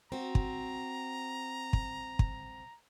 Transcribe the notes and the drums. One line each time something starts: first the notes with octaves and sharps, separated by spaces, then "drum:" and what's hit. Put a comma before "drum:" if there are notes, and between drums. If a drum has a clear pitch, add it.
C4 F#4 A#5
drum: kick
drum: kick
drum: kick